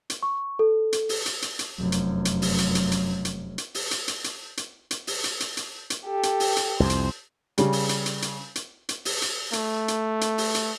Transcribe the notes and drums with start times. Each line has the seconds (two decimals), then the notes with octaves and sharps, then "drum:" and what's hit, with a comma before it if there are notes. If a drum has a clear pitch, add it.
0.10 drum: hi-hat
0.23 C#6
0.59 A4
0.93 drum: hi-hat
1.09 drum: open hi-hat
1.26 drum: hi-hat
1.42 drum: hi-hat
1.59 drum: hi-hat
1.79 F1 F#2
1.92 drum: hi-hat
2.25 drum: hi-hat
2.42 drum: open hi-hat
2.58 drum: hi-hat
2.75 drum: hi-hat
2.92 drum: hi-hat
3.25 drum: hi-hat
3.58 drum: hi-hat
3.74 drum: open hi-hat
3.91 drum: hi-hat
4.08 drum: hi-hat
4.24 drum: hi-hat
4.57 drum: hi-hat
4.91 drum: hi-hat
5.07 drum: open hi-hat
5.24 drum: hi-hat
5.40 drum: hi-hat
5.57 drum: hi-hat
5.90 drum: hi-hat
6.06 G4 A4
6.23 drum: hi-hat
6.40 drum: open hi-hat
6.56 drum: hi-hat
6.80 C2 F2 C5
6.90 drum: hi-hat
7.58 C#3 G3, drum: hi-hat
7.73 drum: open hi-hat
7.89 drum: hi-hat
8.06 drum: hi-hat
8.22 drum: hi-hat
8.55 drum: hi-hat
8.89 drum: hi-hat
9.05 drum: open hi-hat
9.22 drum: hi-hat
9.53 A3, drum: hi-hat
9.88 drum: hi-hat
10.21 drum: hi-hat
10.38 drum: open hi-hat
10.54 drum: hi-hat